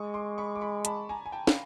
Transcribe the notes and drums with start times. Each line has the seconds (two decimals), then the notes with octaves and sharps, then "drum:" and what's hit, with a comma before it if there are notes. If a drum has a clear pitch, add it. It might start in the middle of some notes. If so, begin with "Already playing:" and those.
Already playing: G#3 C#6 D#6
0.14 C6 D6
0.38 B5 C#6
0.55 D6
0.61 B5 C#6
0.85 A5 B5, drum: hi-hat
1.09 G#5 A#5
1.26 G#5
1.32 G5 A5
1.47 F5, drum: snare